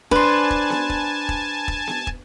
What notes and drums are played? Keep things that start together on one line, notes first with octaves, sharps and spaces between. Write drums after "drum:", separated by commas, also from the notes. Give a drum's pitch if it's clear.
D4 B4 C5 G#5 A5, drum: kick
drum: kick
drum: snare B3
drum: kick
drum: kick
drum: kick
drum: snare B3
drum: kick